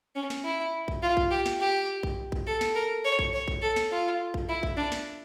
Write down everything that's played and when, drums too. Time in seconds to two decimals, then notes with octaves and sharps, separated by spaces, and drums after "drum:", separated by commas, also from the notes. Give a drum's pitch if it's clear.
0.15 C#4
0.30 drum: snare
0.44 E4
0.88 drum: kick
1.02 F4
1.17 drum: kick
1.31 G4
1.46 drum: snare
1.60 G4
2.03 drum: kick
2.32 drum: kick
2.47 A4
2.61 drum: snare
2.75 A#4
3.05 C#5
3.19 drum: kick
3.33 C#5
3.48 drum: kick
3.62 A4
3.76 drum: snare
3.91 F4
4.34 drum: kick
4.49 E4
4.63 drum: kick
4.77 D4
4.92 drum: snare